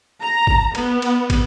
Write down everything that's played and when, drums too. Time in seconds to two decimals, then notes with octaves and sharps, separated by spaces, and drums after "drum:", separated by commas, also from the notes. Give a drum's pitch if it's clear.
0.20 A#5
0.47 drum: kick
0.75 B3, drum: cymbal
1.02 drum: cymbal
1.30 drum: kick, cymbal